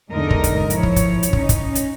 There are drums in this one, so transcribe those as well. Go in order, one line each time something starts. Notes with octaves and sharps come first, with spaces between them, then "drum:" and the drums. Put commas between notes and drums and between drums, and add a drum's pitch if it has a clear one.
E2 G#2 D3 D#4 A#4 D#5
drum: kick
drum: kick, hi-hat
F3 E4 C#5, drum: hi-hat
drum: kick
drum: kick, hi-hat
drum: hi-hat
C#4 D#4, drum: kick
drum: kick, hi-hat
drum: hi-hat